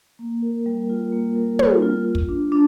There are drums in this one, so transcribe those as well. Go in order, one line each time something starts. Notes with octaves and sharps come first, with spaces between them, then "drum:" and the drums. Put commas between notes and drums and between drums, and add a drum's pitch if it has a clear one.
A#3
A#4
G3
F4
A#3
A#4
G3, drum: tom
F4
F4
drum: kick
D4
D4